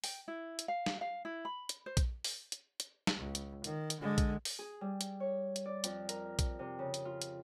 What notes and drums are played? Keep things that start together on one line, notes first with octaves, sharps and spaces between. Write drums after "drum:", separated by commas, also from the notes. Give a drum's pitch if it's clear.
G5, drum: open hi-hat
E4
drum: hi-hat
F5
drum: snare
F5
E4
B5
drum: hi-hat
C5
drum: kick A#1, hi-hat
drum: open hi-hat
drum: hi-hat
drum: hi-hat
drum: snare
C#2
drum: hi-hat
D#3, drum: hi-hat
drum: hi-hat
D3 G#3
drum: kick A#1, hi-hat
drum: open hi-hat
G#4
G3
drum: hi-hat
C#5
drum: hi-hat
D5
F2, drum: hi-hat
A#4, drum: hi-hat
drum: kick A#1, hi-hat
C3
C#3
drum: hi-hat
F4
drum: hi-hat